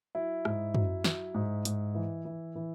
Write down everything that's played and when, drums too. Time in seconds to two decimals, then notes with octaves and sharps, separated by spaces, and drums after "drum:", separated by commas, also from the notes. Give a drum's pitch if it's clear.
0.15 F#3 E4
0.45 G#2, drum: rim click
0.75 F#3, drum: tom F#2
1.04 F#3, drum: snare
1.34 G#2
1.65 G#2, drum: hi-hat
1.95 E3
2.25 E3
2.55 E3